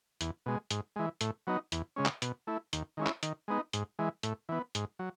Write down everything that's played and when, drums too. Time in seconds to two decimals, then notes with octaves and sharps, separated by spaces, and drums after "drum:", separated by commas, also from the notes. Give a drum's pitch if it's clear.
0.21 E2, drum: hi-hat
0.46 B2 G#3
0.71 G#2, drum: hi-hat
0.96 E3 G#3
1.21 A2, drum: hi-hat
1.47 F#3 B3 D#4
1.72 E2, drum: hi-hat
1.96 C#3 G#3 C#4
2.05 drum: clap
2.22 B2, drum: hi-hat
2.47 A3 E4
2.73 D#2, drum: hi-hat
2.97 D#3 G#3 C#4 E4
3.06 drum: clap
3.23 D#3, drum: hi-hat
3.48 G#3 B3 D#4
3.73 G#2, drum: hi-hat
3.99 E3 G#3
4.23 A2, drum: hi-hat
4.49 E3 B3
4.75 G#2, drum: hi-hat
4.99 F#3